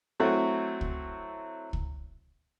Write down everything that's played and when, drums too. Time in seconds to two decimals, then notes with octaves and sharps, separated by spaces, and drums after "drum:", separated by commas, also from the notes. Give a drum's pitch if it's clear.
0.20 F#3 A3 C4 E4 F#4
0.81 drum: kick
1.73 drum: kick